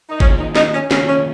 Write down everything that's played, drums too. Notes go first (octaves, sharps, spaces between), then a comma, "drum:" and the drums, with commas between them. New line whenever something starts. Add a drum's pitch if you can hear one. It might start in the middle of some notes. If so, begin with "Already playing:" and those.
D#4
D#3 A#3 C#4 F4 G#4, drum: kick G#1
D#4
D#4, drum: snare
C#4
D#3 A#3 C#4 F4 G#4, drum: snare
C#4